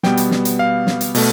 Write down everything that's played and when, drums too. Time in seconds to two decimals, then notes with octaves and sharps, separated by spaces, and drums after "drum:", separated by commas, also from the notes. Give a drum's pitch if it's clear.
0.03 B2 G3 B3 G5, drum: snare
0.17 drum: hi-hat
0.31 drum: snare
0.45 drum: hi-hat
0.59 F5
0.87 drum: snare
1.01 drum: hi-hat
1.15 B2 A3, drum: open hi-hat